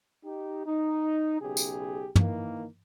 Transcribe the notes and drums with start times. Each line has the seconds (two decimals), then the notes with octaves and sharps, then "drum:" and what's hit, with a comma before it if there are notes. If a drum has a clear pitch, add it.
0.23 D#4 G4
0.65 D#4
1.38 B1 C#3 G4 G#4
1.57 drum: tambourine
2.16 D#3 E3 A#3, drum: tom